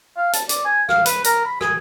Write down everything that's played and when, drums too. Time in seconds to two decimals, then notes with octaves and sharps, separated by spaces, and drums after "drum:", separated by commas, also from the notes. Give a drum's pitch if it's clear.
0.17 F5
0.33 A5, drum: hi-hat
0.49 D5, drum: hi-hat
0.65 G#5
0.89 F5, drum: rim click
1.06 B4, drum: hi-hat
1.24 A#4, drum: hi-hat
1.45 B5
1.61 G#4, drum: rim click